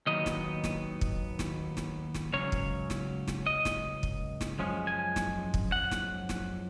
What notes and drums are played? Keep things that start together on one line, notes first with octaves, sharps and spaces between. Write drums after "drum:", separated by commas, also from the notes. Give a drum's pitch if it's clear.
D#2 D#3 F#3 B3 D#4 D#5
drum: snare
drum: snare
drum: kick
drum: snare
drum: snare
drum: snare
C#2 C#3 F#3 C#4 C#5
drum: kick
drum: snare
drum: snare
D#5
drum: snare
drum: kick
drum: snare
F#2 F3 G#3 C#4
G#5
drum: snare
drum: kick
F#5
drum: snare
drum: snare